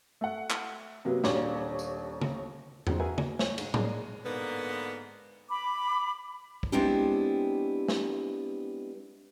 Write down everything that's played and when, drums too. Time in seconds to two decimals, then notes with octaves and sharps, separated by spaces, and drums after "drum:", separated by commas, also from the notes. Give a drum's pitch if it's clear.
0.21 A3 F#5
0.50 drum: clap
1.05 C3 F#3 A#3 B3
1.24 D#1 D#2 D4 C#5 D6, drum: snare
1.79 drum: tambourine
2.21 drum: tom C#3
2.87 A#2 C#3 F3 F#3 G#3 C4, drum: tom E2
2.99 F#4 G#4 A#4 B4 E5 G#5
3.18 drum: tom C#3
3.39 C#5, drum: snare
3.58 G#2, drum: cymbal
3.74 G#3 A#3 C#4 D#4 G#4 D5, drum: tom A2
4.25 G#2 D3 A#3 B3
5.50 B5 D6
6.63 drum: kick
6.72 G#3 B3 C4 D4 E4 G4
7.89 drum: snare